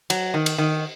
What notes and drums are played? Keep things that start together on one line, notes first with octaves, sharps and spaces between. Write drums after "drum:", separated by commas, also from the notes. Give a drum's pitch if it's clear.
F#3, drum: cymbal
D#3
drum: cymbal
D#3